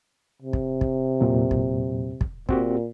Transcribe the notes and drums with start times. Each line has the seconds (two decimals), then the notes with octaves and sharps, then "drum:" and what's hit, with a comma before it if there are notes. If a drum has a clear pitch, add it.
0.42 C3
0.53 drum: kick
0.81 drum: kick
1.21 E2 A#2 F#3
1.51 drum: kick
2.21 drum: kick
2.49 A#2 C4 F#4 G4, drum: kick